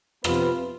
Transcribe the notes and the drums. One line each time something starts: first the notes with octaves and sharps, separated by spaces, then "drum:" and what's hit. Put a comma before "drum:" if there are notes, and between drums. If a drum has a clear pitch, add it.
C3 F3 B3 F4 B4, drum: rim click